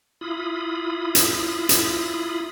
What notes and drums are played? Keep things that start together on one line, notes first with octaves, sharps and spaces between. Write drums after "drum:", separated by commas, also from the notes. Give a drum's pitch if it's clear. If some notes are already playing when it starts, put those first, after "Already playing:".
E4 F4 B5 D#6
drum: hi-hat
drum: hi-hat